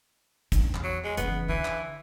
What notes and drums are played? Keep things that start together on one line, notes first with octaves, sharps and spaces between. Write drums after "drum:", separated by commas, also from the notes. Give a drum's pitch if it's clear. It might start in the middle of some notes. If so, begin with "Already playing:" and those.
E2, drum: kick, hi-hat
drum: clap
F#3
G#3
F#1 E3 B3, drum: hi-hat
D3 E3
drum: clap